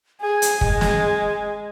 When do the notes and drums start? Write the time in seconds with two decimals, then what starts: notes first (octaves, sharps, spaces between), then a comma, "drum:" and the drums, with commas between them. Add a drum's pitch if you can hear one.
0.20 G#4 G#5
0.42 drum: hi-hat
0.61 G#3, drum: kick
0.81 drum: snare